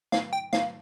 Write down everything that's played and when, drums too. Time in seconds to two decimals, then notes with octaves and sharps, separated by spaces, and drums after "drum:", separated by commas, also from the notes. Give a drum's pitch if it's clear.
0.12 F5, drum: snare
0.33 G5
0.53 F5, drum: snare